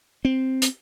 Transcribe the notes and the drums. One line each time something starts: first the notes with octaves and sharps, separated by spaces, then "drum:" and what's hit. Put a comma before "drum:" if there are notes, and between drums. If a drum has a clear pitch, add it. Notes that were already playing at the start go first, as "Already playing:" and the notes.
C4
drum: hi-hat